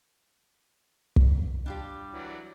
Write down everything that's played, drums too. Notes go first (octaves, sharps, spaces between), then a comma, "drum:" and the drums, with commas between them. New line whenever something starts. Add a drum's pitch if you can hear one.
drum: kick
G3 D4 F4 G4
E3 F#3 D5